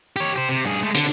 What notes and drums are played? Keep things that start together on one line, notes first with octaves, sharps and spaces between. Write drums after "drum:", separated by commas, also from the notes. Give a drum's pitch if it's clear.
G4 C#5
G4 C5
C3
G2 G#4
G#3 A3
D3, drum: hi-hat